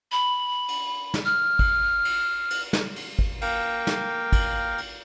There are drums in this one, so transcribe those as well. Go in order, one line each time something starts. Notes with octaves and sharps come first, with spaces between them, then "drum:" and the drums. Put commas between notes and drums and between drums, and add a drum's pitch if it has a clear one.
B5
drum: cymbal
drum: snare
F6
drum: kick G#1, cymbal
drum: cymbal
drum: cymbal
drum: snare
drum: cymbal
drum: kick G#1
A#3 A#4 F5 G5, drum: cymbal
drum: snare
drum: kick G#1, cymbal
drum: cymbal